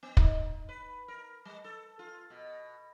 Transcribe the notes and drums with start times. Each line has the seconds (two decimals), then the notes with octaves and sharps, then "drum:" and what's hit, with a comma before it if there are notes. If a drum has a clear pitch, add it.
0.03 B3
0.17 D#4, drum: kick
0.69 B4
1.08 A#4
1.45 G3
1.64 A4
1.99 F4
2.30 B2